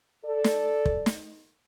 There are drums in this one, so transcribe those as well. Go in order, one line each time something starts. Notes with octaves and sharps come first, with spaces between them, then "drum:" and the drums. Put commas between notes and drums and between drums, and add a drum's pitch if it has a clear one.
A4 D5
drum: snare
drum: kick
drum: snare